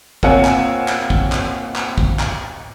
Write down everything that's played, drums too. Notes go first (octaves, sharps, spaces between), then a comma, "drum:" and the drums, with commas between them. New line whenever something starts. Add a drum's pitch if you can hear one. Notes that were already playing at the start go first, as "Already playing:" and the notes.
A#3 C4 F4 C#5 F#5 G#5, drum: kick
drum: clap
drum: clap
drum: kick
drum: clap
drum: clap
drum: kick
drum: clap